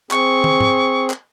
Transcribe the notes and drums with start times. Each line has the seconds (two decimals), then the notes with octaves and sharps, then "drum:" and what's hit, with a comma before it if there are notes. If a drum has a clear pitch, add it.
0.11 C4 G#4 C#6, drum: clap
0.44 drum: tom
0.60 drum: tom G#2
1.10 drum: clap